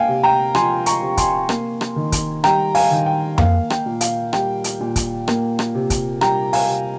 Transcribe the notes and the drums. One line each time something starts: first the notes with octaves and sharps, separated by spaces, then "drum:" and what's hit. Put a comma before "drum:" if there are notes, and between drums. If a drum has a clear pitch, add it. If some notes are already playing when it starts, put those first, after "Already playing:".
Already playing: A#3 F5 G5 G#5
C3
G5 A#5
F3 G#5 C6, drum: rim click
A#5 C#6, drum: hi-hat
C3
G#5 C6, drum: kick, hi-hat
A#3, drum: rim click
drum: rim click
D#3
drum: kick, hi-hat
G3 G5 A#5, drum: rim click
F5 G#5, drum: open hi-hat
D#3
G5
A#3 F5, drum: tom F2
G5, drum: rim click
A#2
F5, drum: hi-hat
G3 G5, drum: rim click
drum: hi-hat
A#2
drum: kick, hi-hat
A#3, drum: rim click
drum: rim click
C3
drum: kick, hi-hat
G3 G5 A#5, drum: rim click
F5 G#5, drum: open hi-hat
C3